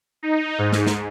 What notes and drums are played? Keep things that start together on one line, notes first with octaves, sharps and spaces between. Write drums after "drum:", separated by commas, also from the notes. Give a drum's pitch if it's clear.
D#4
G#2
drum: snare
drum: snare